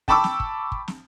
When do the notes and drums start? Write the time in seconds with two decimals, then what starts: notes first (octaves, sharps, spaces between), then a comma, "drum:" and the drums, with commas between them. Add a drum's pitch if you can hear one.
0.08 G5 A5 B5 C#6 D6 E6, drum: kick
0.24 drum: snare
0.40 drum: kick
0.72 drum: kick
0.88 drum: snare